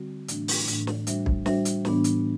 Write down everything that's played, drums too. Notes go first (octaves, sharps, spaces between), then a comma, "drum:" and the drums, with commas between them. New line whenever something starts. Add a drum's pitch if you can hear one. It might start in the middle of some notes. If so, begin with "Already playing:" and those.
Already playing: D3 G3 C4 F#4
A2 E3 A3 D4, drum: hi-hat
drum: open hi-hat
A2 E3 A3 D4, drum: hi-hat
drum: snare
G3 D4 F#4 C5 E5, drum: hi-hat
drum: kick
G3 D4 F#4 C5 E5, drum: snare
drum: hi-hat
A2 E3 B3 D4, drum: snare
drum: hi-hat